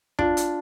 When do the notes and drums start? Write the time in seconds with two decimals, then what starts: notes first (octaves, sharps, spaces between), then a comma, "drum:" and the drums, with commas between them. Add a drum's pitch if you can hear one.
0.19 D4 F4, drum: kick
0.37 drum: hi-hat